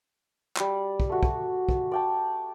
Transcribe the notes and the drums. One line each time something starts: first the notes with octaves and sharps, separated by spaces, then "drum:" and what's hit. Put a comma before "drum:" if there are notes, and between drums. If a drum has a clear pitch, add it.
G3 D5, drum: clap
drum: kick
A3 F#4
drum: kick
drum: kick
D5 G5 A5